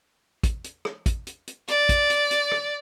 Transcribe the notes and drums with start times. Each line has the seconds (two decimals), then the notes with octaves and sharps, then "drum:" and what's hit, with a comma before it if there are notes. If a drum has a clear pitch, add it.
0.43 drum: kick, hi-hat
0.64 drum: hi-hat
0.85 drum: rim click
1.06 drum: kick, hi-hat
1.27 drum: hi-hat
1.48 drum: hi-hat
1.68 D5, drum: hi-hat
1.89 drum: kick, hi-hat
2.10 drum: hi-hat
2.31 drum: hi-hat
2.52 drum: rim click